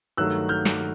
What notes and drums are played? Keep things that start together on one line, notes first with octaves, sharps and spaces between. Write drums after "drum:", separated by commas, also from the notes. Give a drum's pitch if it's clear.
G2 D#3 F#3 A3 E6 F#6
F6 G6
drum: snare